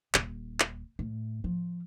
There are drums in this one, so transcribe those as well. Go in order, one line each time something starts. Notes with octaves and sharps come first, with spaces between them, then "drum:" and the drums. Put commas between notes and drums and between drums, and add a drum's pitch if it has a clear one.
D#1, drum: clap
drum: clap
A2
F3